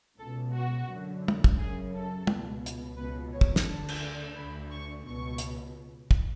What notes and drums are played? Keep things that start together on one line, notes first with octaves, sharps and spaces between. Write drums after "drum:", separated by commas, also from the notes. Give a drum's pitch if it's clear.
C#2 B2 A4
F#4
F#2 D3
drum: tom
drum: kick
F#2 C#3 G#4
A4
C#2 B2, drum: tom
drum: hi-hat
C#2 B2 B4
C#5
drum: kick
drum: snare
D2 D3 A5
drum: cymbal
D2 D3 B5
C#6
C#2 B2 C#6
drum: hi-hat
drum: kick